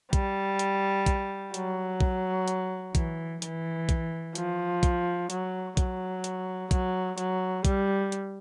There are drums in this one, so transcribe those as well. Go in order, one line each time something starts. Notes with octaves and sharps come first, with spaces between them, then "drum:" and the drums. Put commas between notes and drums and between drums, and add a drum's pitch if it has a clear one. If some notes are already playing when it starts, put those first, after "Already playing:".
G3, drum: kick A#1, hi-hat
drum: hi-hat
drum: kick A#1, hi-hat
F#3, drum: hi-hat
drum: kick A#1
drum: hi-hat
E3, drum: kick A#1, hi-hat
E3, drum: hi-hat
drum: kick A#1, hi-hat
F3, drum: hi-hat
drum: kick A#1, hi-hat
F#3, drum: hi-hat
F#3, drum: kick A#1, hi-hat
drum: hi-hat
F#3, drum: kick A#1, hi-hat
F#3, drum: hi-hat
G3, drum: kick A#1, hi-hat
drum: hi-hat